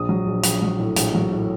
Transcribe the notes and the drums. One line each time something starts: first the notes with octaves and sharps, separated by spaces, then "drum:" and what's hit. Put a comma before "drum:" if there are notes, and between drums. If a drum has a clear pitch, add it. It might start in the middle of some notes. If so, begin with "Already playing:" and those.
Already playing: A#1 D#6
F#3
A#1
A#1, drum: hi-hat
F#3
A2
A#1, drum: hi-hat
F#3
A2